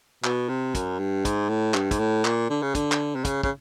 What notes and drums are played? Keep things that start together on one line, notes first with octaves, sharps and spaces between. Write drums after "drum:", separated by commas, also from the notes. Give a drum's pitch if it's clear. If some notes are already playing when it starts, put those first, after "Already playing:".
B2, drum: clap
C3
F#2, drum: kick, hi-hat
G2
G#2, drum: kick, hi-hat
A2
G2, drum: clap
G#2, drum: kick, hi-hat
A2
A#2, drum: clap
D3
C#3
D3, drum: kick, hi-hat
drum: clap
C3
C#3, drum: kick, hi-hat
C#3, drum: kick